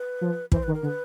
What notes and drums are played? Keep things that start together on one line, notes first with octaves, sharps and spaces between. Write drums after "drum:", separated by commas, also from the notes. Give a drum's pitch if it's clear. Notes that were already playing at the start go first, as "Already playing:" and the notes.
Already playing: B4
F3
E3 C5, drum: kick
D#3 B4
A#4
D3 B4